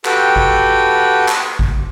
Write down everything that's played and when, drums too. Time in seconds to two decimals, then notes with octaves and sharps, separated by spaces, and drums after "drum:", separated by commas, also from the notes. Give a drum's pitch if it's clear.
0.05 F#4 G4 A4 B4 F#5 G5, drum: clap
0.36 drum: kick G#1
1.28 drum: clap
1.59 drum: kick G#1